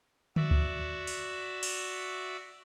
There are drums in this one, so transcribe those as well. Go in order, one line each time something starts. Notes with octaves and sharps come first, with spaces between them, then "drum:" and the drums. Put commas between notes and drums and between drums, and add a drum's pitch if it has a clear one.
F#4 D5 E5, drum: tom D3
drum: kick C#2
drum: open hi-hat
drum: cymbal